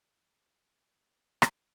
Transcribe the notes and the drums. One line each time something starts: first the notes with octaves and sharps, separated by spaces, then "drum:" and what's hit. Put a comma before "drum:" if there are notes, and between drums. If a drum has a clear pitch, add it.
A#5
A5
G5
A5
drum: rim click
G5